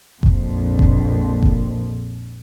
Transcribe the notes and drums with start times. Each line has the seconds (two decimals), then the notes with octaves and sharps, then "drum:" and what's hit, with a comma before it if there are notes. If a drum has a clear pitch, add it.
0.23 A#1 F2, drum: kick F#1
0.79 drum: kick F#1
1.42 drum: kick F#1